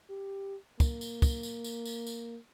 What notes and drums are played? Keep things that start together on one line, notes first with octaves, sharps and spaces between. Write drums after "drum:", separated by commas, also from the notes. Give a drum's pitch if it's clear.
G4
A#3, drum: kick, tambourine
drum: tambourine
drum: kick, tambourine
drum: tambourine
drum: tambourine
drum: tambourine
drum: tambourine